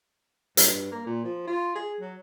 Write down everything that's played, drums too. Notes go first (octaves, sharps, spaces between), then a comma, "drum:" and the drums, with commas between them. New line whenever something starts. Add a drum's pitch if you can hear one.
G2, drum: hi-hat
A#3
A#2
F3
F4
G#4
F#3